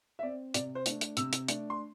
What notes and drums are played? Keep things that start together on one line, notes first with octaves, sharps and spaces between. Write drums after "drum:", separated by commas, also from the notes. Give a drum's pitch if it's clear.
E5
C4 D5
C3 D5, drum: hi-hat
C5
A3 D4, drum: hi-hat
drum: hi-hat
C3 E6, drum: hi-hat
drum: hi-hat
A3 D4, drum: hi-hat
C6